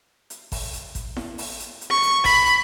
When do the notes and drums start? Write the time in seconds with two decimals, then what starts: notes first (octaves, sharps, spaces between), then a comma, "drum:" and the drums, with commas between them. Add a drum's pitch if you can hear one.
0.30 drum: hi-hat
0.52 drum: kick G#1, open hi-hat
0.73 drum: hi-hat
0.95 drum: kick G#1, hi-hat
1.16 drum: snare E4
1.38 drum: open hi-hat
1.60 drum: hi-hat
1.81 drum: hi-hat
1.90 C#6
2.03 drum: hi-hat
2.25 B5, drum: kick G#1, open hi-hat
2.46 drum: hi-hat